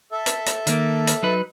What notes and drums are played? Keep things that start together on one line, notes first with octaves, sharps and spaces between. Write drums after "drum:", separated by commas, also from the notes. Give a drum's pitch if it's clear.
A4 E5
drum: hi-hat
drum: hi-hat
D#3 A#3, drum: hi-hat
drum: hi-hat
F#3 D#4 B4